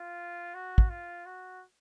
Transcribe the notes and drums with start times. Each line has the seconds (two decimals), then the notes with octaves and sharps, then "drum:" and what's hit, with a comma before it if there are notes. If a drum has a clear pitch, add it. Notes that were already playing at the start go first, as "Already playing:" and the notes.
Already playing: F4
0.54 F#4
0.78 drum: kick
0.90 F4
1.26 F#4